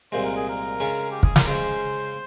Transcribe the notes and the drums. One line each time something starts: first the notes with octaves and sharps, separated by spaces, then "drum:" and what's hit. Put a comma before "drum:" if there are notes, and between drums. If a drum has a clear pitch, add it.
C2 A#2 G#3 C5
A#4
G#4
A#4
C#3 G#3 C#4
G4
G#4, drum: kick
A#4, drum: snare
C#3 G#3 C#4 C5